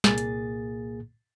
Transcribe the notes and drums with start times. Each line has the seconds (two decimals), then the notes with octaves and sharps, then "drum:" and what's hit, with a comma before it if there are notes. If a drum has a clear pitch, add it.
0.04 C2 A#2 A#3 G#4 A6, drum: snare
0.18 drum: hi-hat